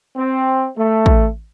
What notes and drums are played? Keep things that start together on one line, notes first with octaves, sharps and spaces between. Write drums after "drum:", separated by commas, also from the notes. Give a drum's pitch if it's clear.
C4
A3
drum: kick